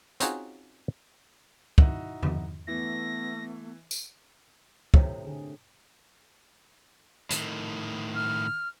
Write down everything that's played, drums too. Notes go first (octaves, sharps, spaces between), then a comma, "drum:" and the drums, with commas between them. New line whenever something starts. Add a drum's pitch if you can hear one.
C4 C#4 D#4 F4 F#4 G#4, drum: hi-hat
D#4 E4 F#4, drum: kick
drum: tom E2
E3 A3 B3 E4 A#6
drum: tambourine
A2 C3 D#4, drum: kick
D3 G#4
A2 D#3, drum: hi-hat
F6